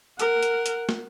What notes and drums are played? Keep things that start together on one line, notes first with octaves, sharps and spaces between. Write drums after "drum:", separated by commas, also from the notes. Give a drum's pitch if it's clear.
A#4 F#5, drum: hi-hat
drum: hi-hat
drum: hi-hat
drum: snare